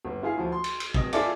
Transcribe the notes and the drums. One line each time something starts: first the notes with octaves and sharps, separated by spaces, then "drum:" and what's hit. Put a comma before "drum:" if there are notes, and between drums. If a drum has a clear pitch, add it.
G1
E4 F4 G#4 F5
D2 F3
C6
drum: cymbal
drum: cymbal
D1 D#5, drum: kick
F4 G#4 A4 D5 E5, drum: cymbal